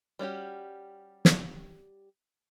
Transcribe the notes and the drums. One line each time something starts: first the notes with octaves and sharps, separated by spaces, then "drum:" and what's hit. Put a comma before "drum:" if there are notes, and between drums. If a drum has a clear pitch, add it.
G3 C#4 F#4 G4
drum: snare